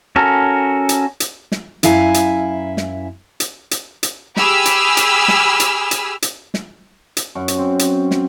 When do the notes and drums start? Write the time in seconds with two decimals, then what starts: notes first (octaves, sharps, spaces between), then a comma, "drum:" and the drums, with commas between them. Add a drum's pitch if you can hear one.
0.16 C#4 F#4 A4 A#4
0.89 drum: hi-hat
1.20 drum: hi-hat
1.52 drum: snare
1.83 F#2 E4 F5 G#5 A#5, drum: hi-hat
2.14 drum: hi-hat
2.77 drum: snare
3.40 drum: hi-hat
3.71 drum: hi-hat
4.03 drum: hi-hat
4.37 G4 G#4 B5 E6 F6, drum: snare
4.65 drum: hi-hat
4.97 drum: hi-hat
5.28 drum: snare
5.60 drum: hi-hat
5.91 drum: hi-hat
6.22 drum: hi-hat
6.54 drum: snare
7.17 drum: hi-hat
7.35 F#2
7.48 drum: hi-hat
7.58 C4
7.79 drum: hi-hat
8.11 drum: snare